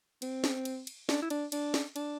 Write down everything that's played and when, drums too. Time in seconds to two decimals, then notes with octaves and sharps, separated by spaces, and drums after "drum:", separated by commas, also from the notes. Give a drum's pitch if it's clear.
0.22 C4, drum: cymbal
0.44 drum: snare
0.65 drum: cymbal
0.87 drum: cymbal
1.09 D4, drum: snare
1.22 E4
1.30 D4, drum: cymbal
1.52 D4, drum: cymbal
1.74 drum: snare
1.96 D4, drum: cymbal